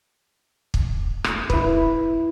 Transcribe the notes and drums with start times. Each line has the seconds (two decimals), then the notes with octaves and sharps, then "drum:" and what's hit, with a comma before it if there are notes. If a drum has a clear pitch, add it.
0.74 drum: kick
1.24 drum: rim click
1.50 E4 B4, drum: kick